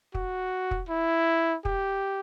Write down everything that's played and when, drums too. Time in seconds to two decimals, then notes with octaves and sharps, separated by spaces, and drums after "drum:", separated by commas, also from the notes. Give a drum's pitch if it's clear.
0.14 F#4, drum: kick
0.71 drum: kick
0.89 E4
1.65 G4, drum: kick